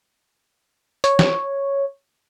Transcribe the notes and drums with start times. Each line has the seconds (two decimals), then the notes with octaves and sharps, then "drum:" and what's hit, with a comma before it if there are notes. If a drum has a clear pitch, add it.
1.04 C#5, drum: hi-hat
1.19 drum: snare